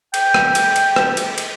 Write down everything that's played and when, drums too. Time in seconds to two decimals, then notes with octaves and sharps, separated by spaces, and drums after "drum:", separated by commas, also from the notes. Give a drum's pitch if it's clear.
0.14 G5, drum: cymbal
0.34 drum: rim click
0.55 drum: cymbal
0.76 drum: cymbal
0.96 drum: rim click
1.17 drum: cymbal
1.38 drum: cymbal